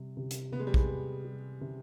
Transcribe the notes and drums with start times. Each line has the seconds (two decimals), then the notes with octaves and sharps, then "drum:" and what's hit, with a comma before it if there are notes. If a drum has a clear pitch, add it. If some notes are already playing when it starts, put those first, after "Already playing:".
Already playing: C3 G3
0.17 C3
0.31 drum: hi-hat
0.52 C3 B3
0.60 G#3
0.67 G3
0.74 G#3, drum: kick A#1
0.88 B3
1.25 G3
1.61 C3